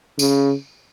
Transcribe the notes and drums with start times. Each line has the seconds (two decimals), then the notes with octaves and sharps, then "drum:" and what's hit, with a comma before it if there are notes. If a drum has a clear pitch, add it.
0.19 C#3, drum: tambourine